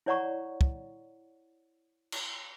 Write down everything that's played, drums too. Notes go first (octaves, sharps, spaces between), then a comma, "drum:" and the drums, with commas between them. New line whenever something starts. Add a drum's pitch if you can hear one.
E4 C#5 D5 F#5 A#5 C#6
drum: kick
drum: cymbal